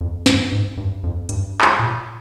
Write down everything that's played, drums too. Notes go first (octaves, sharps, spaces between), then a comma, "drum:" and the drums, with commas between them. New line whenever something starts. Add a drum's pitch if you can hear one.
F2
G2, drum: snare
G#2
G2
F2
G2, drum: hi-hat
drum: clap
A#2